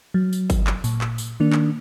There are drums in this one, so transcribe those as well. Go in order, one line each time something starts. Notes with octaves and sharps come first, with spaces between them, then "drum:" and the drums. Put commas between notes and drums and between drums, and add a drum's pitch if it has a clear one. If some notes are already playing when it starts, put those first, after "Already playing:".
F#3
drum: tambourine
drum: kick G1, tambourine
drum: clap
A#2, drum: tambourine
drum: clap
drum: tambourine
D#3 A#3 D4
drum: clap